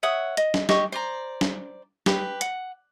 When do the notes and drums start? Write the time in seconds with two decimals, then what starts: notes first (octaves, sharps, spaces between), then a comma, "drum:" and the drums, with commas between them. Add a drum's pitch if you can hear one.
0.03 C#5 E5 F#5 D#6
0.37 D#5, drum: hi-hat
0.54 drum: snare
0.69 G4 D#5 C#6, drum: snare
0.92 C5 D5 A#5
1.41 drum: snare
2.06 G4 B4, drum: snare
2.41 F#5, drum: hi-hat